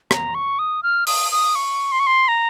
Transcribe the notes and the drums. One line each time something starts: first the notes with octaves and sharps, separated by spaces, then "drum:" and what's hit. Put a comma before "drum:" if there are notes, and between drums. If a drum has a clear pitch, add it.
A#5, drum: rim click
C#6
D#6
F6
D#6, drum: open hi-hat
D#6
C#6
C6
C#6
C6
A#5